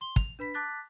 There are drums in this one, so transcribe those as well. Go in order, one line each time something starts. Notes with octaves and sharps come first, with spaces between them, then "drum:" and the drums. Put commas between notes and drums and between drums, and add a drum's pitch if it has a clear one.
C6 G7
F7, drum: kick
D4 B4 B5 B6
A5 D6 F#6 A6 B6